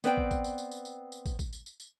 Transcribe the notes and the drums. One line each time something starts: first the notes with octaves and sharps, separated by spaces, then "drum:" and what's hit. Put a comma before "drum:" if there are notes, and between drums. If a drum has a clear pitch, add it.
B3 C4 B4 D5 F5 G5, drum: tambourine
drum: kick
drum: kick, tambourine
drum: tambourine
drum: tambourine
drum: tambourine
drum: tambourine
drum: tambourine
drum: kick, tambourine
drum: kick, tambourine
drum: tambourine
drum: tambourine
drum: tambourine